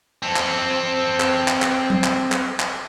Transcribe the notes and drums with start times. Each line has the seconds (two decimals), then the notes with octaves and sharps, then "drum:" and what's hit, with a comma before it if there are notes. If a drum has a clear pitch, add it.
0.22 C4 A4
0.36 drum: clap
1.20 drum: clap
1.48 drum: clap
1.62 drum: clap
1.90 drum: tom
2.04 drum: clap
2.32 drum: clap
2.60 drum: clap